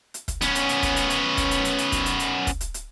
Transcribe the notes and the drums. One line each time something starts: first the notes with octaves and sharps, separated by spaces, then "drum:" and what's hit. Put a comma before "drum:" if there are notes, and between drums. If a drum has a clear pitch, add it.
drum: hi-hat
drum: kick, hi-hat
B3 C#4, drum: hi-hat
drum: hi-hat
drum: hi-hat
drum: kick, hi-hat
drum: hi-hat
drum: hi-hat
drum: kick, hi-hat
drum: hi-hat
drum: hi-hat
drum: hi-hat
drum: kick, hi-hat
drum: hi-hat
drum: hi-hat
drum: kick, hi-hat
drum: hi-hat
drum: hi-hat